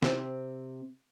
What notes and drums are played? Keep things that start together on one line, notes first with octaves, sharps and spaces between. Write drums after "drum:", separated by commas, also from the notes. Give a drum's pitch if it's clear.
C3 C4, drum: snare